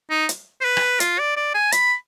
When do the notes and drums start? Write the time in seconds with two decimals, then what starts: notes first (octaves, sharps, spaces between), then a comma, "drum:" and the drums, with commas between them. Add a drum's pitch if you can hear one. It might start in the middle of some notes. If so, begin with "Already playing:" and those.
0.10 D#4
0.29 drum: hi-hat
0.61 C5
0.65 B4
0.77 drum: rim click
1.00 F4, drum: hi-hat
1.19 D5
1.37 D5
1.54 G#5
1.72 B5, drum: hi-hat